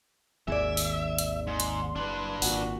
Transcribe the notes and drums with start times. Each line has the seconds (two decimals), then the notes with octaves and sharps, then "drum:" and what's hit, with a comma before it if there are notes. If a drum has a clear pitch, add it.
0.48 G#1 D#2 G#3 G#4 D5 E5
0.77 drum: open hi-hat
1.18 drum: hi-hat
1.47 G#2 C6
1.60 drum: hi-hat
1.96 F#1 D4 B4
2.42 G#1 A#2 F#4 F#5, drum: open hi-hat